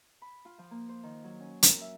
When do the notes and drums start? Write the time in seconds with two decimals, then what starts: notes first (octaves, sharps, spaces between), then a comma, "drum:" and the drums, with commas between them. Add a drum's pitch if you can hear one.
0.22 B5
0.45 F4
0.58 F3
0.71 A#3
0.89 C5
1.03 D#3
1.24 F#3
1.40 C#4
1.63 A#4, drum: hi-hat
1.81 E5